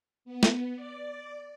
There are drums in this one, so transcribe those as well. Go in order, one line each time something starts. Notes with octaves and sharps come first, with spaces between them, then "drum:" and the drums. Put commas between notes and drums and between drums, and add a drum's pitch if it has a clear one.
B3
drum: snare
D5